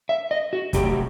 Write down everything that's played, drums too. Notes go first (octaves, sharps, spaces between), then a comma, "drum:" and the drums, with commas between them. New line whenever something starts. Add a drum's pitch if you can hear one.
E5
D#5
F#4
C3 F#3 A3 G4, drum: kick, hi-hat